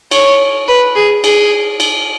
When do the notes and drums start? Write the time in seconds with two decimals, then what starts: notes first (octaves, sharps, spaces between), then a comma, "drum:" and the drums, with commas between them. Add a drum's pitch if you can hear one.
0.11 C#5, drum: cymbal
0.68 B4
0.96 G#4
1.24 G#4, drum: cymbal
1.80 drum: cymbal